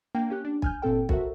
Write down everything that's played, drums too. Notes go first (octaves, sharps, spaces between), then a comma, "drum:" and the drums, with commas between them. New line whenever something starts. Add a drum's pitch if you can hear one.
A#3 D4 G5
C#4 G4 F#6
D4
G#5 F6 G6, drum: kick
G1 A#2 C4 A4 G5
F#4 A4 A#4 C5 E5, drum: kick